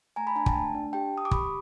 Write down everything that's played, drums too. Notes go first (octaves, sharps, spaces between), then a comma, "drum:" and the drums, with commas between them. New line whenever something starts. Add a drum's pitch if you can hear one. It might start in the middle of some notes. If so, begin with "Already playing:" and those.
A3 G#5 A#5
A5 B5
D4 G#5 A#5
G5 A5, drum: kick
A3
D4
G4 G5 A5
G4 D#6
D6
G4 B5 C#6, drum: kick